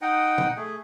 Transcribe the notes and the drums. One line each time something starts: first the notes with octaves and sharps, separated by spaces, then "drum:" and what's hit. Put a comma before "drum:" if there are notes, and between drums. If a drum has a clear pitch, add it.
D#4 D#5 F#5 G5
drum: tom A#2
A3 G#4